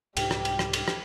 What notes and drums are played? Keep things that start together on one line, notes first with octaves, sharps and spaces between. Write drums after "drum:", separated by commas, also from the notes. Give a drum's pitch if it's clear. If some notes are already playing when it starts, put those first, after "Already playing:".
C2 G#2 G3 G4 G5, drum: cymbal
drum: rim click
drum: cymbal
drum: rim click
drum: cymbal
drum: rim click